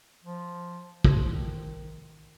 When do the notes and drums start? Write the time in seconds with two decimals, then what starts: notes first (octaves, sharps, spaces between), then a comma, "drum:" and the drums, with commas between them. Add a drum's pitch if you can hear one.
0.24 F3
1.05 F3, drum: kick
1.25 D#3